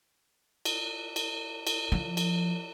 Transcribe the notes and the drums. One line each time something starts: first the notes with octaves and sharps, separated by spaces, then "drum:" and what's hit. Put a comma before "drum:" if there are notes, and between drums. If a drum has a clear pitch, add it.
drum: cymbal
drum: cymbal
drum: cymbal
F3
drum: cymbal